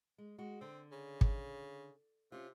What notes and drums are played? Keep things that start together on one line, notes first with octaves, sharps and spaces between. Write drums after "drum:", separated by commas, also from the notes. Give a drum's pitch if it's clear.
G#3
G#3 F#4
D3 C4
C#3
drum: kick
C3 C#4 F4